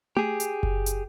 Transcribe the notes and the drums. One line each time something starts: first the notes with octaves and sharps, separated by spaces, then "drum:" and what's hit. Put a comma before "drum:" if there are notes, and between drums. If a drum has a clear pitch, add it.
G4 G#4, drum: tom A3
drum: hi-hat
drum: kick F#1
drum: hi-hat